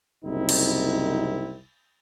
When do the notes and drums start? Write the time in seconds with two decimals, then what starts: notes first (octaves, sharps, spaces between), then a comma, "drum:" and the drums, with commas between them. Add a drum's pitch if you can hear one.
0.23 F#1 C2 C4 D#4 E4
0.49 drum: cymbal